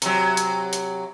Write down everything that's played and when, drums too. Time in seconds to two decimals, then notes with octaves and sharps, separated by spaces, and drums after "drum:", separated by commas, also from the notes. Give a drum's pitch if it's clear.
0.02 C3 F#3, drum: hi-hat
0.37 drum: hi-hat
0.73 drum: hi-hat